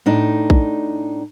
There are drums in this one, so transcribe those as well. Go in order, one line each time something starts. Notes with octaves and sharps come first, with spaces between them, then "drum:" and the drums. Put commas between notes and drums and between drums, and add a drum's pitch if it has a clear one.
A2 D4 D#4
drum: kick A#1